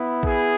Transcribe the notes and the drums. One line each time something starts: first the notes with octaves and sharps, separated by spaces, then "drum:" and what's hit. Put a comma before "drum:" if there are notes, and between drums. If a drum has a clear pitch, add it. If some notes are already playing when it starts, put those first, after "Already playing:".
Already playing: B3 E4
G#4, drum: kick A1